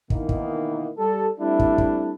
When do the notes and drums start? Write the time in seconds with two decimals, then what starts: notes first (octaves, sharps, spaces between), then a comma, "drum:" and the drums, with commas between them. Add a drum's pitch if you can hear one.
0.10 B2 D#3 E3 A#3 B3 D#4, drum: kick
0.29 drum: kick
0.97 G3 A4
1.39 G3 A3 C4 D4 E4
1.59 drum: kick
1.78 drum: kick